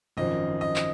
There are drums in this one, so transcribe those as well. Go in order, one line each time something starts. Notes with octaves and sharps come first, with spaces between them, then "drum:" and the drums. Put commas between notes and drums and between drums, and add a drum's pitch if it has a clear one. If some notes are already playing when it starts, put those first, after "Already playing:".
G#1 F#2 F3 D#5, drum: tom A#2
D#5
drum: clap